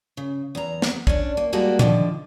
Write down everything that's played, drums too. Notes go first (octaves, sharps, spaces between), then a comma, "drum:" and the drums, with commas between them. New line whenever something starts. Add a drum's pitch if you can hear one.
C#3
E2 A#5
drum: snare
C#4 D4, drum: kick
A#3
G3 G#3 A#3 F#4 A4
D3 D#3 F3, drum: tom A#2